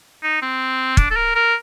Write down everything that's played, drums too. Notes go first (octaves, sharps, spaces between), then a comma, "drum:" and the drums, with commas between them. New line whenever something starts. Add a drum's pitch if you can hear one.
D#4
C4
D4, drum: kick
A4
A#4
A#4